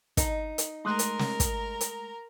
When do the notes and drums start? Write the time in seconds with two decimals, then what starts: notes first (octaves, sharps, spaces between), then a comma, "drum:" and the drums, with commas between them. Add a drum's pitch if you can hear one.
0.17 D#4, drum: kick, hi-hat
0.58 drum: hi-hat
0.85 G#3 A3 A#4 A#5 C6 D#6 F#6
0.99 drum: hi-hat
1.19 drum: snare
1.40 drum: kick, hi-hat
1.81 drum: hi-hat